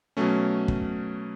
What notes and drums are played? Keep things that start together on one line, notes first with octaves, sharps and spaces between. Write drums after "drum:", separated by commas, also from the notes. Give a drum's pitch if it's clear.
B2 F#3 A3 C#4
drum: kick